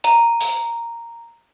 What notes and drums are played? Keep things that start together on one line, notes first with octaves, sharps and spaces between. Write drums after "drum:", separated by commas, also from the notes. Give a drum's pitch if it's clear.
A#5, drum: hi-hat
drum: open hi-hat